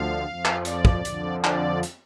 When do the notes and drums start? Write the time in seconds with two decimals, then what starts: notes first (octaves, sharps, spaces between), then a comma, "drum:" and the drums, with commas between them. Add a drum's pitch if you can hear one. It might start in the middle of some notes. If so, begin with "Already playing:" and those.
Already playing: D2 D3 F3 F5
0.26 F2 F3
0.45 drum: clap
0.65 D5, drum: hi-hat
0.85 drum: kick
1.05 F2 D3 F3, drum: hi-hat
1.44 D5, drum: clap
1.83 drum: hi-hat